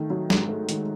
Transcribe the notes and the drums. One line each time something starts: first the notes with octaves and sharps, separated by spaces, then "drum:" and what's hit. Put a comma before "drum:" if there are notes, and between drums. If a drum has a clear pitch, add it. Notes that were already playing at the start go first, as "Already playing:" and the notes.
Already playing: D#3 A3
F#3
G#2, drum: snare
A3
D#3, drum: hi-hat